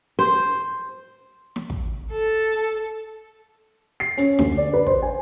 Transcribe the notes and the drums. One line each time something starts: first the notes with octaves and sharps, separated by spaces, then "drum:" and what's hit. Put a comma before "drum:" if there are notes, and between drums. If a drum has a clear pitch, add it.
C5
drum: snare
drum: kick
A4
C7
C#4, drum: hi-hat
D2, drum: snare
D5
B4
C5, drum: kick
G#5